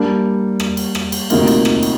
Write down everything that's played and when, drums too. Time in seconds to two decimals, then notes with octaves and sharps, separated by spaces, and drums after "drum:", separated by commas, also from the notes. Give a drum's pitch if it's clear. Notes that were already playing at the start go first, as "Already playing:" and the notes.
Already playing: G3 A#3 D4
0.60 drum: rim click
0.77 drum: cymbal
0.95 drum: rim click
1.12 drum: cymbal
1.30 D2 C3 D#3 A#3 F4, drum: cymbal
1.47 drum: cymbal
1.65 drum: rim click
1.83 drum: cymbal